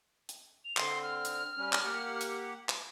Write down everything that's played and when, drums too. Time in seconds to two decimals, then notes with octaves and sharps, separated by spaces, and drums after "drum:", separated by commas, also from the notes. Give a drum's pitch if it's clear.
0.29 drum: hi-hat
0.64 F7
0.77 D3 C4 C6, drum: clap
1.03 F6
1.25 drum: hi-hat
1.57 G3 C#4
1.73 drum: clap
1.85 A#3 G4 F#5
2.21 drum: hi-hat
2.69 drum: clap